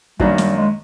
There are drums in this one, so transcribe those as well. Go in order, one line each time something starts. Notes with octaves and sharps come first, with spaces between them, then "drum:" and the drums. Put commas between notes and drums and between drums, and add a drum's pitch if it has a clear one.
F#2 D#3 F#3 G3 A#3 D4, drum: kick
G3, drum: snare
G#3